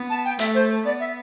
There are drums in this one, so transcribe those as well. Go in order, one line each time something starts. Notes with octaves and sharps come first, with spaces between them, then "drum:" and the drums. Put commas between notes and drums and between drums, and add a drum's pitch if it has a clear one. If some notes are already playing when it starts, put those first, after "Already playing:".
Already playing: B3
A5
G5
A3 E5, drum: hi-hat
C5
B3 D5
E5